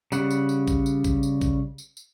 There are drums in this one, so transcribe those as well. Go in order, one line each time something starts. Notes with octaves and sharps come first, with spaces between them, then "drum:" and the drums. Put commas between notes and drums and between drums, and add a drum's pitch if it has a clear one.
C#3 G3 F#5, drum: tambourine
drum: tambourine
drum: tambourine
drum: kick A#1, tambourine
drum: tambourine
drum: kick A#1, tambourine
drum: tambourine
drum: kick A#1, tambourine
drum: tambourine
drum: tambourine